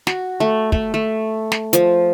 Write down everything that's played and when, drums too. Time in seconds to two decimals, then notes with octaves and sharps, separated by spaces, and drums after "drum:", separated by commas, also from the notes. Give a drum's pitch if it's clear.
0.07 F#4, drum: snare
0.40 A3
0.72 A3, drum: kick
0.94 A3
1.52 drum: snare
1.73 F3, drum: hi-hat